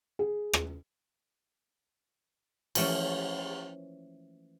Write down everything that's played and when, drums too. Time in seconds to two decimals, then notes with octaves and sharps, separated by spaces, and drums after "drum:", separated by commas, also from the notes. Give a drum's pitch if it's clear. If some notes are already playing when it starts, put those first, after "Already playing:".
0.19 G#4
0.53 drum: rim click
2.75 E3 F3 A3 A#3 C#4, drum: cymbal